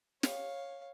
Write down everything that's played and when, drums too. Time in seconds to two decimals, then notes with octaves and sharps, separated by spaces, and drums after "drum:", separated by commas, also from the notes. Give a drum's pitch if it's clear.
0.23 C#5 F5, drum: snare